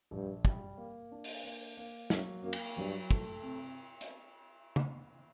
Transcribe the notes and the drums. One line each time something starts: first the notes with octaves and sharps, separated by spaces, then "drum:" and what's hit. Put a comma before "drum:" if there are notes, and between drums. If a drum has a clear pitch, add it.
A#1 G2
G3, drum: kick
A#3
D4
drum: open hi-hat
A#3
A#3
F#2 F#3, drum: snare
F#2 A#3
drum: cymbal
G2 F#3
A3, drum: kick
C3
drum: hi-hat
drum: tom C#3